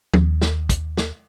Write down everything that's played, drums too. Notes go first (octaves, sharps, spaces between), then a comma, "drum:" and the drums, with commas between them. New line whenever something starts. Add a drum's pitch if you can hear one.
D#2, drum: tom
drum: snare
drum: kick, hi-hat
drum: snare